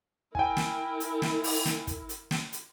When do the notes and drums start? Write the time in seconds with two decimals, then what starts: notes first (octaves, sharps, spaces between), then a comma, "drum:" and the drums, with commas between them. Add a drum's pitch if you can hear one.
0.35 E4 A#4 G5 G#5, drum: kick
0.57 drum: snare
1.00 drum: hi-hat
1.22 drum: snare
1.44 drum: open hi-hat
1.65 drum: snare
1.87 drum: kick, hi-hat
2.09 drum: hi-hat
2.31 drum: snare
2.53 drum: hi-hat